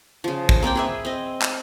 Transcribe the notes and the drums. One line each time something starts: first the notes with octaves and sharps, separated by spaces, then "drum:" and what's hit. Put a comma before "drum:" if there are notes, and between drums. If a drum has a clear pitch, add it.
C#3 F3
drum: kick
A#3 C4 D5 G5
G#4 B4 E5
C4 D#5
drum: clap